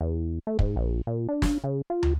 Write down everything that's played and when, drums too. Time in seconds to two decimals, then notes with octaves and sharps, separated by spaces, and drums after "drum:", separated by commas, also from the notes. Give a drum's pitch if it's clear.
0.01 E2
0.47 A3
0.59 G#2, drum: kick
0.76 A#1
1.07 A#2
1.29 D4
1.42 drum: snare
1.64 C#3
1.90 F4
2.03 drum: tom